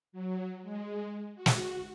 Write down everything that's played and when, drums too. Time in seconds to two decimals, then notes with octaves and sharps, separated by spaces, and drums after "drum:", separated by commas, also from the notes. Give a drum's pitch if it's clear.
0.12 F#3
0.63 G#3
1.35 F#4
1.46 drum: snare